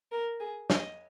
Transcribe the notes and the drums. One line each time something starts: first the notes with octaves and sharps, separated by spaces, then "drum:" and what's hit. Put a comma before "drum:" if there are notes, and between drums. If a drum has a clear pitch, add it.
A#4
G#4
D#5, drum: snare